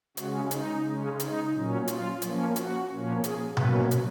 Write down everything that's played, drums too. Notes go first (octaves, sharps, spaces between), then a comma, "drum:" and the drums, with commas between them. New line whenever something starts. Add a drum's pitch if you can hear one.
C#3 G#3 C#4 F#4, drum: hi-hat
D#4, drum: hi-hat
C#3 G#3 C#4
D#4, drum: hi-hat
A#2 F#3 C#4
F4, drum: hi-hat
F3 A#3 C#4, drum: hi-hat
F#4, drum: hi-hat
A#2 F3 A#3 C#4
G#4, drum: hi-hat
B2 F#3 A#3 C#4 B4, drum: tom B2
drum: hi-hat